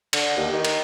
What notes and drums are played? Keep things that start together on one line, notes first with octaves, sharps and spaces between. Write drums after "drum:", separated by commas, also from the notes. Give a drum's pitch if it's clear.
D3, drum: cymbal
D#2
D#3
drum: cymbal